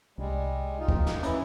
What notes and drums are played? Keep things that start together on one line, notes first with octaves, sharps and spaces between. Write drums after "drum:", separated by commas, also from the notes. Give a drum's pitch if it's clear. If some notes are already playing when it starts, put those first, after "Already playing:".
C2 G3 G#3
D#4 F4
drum: kick
D#4, drum: snare
E3 C#4 E4, drum: hi-hat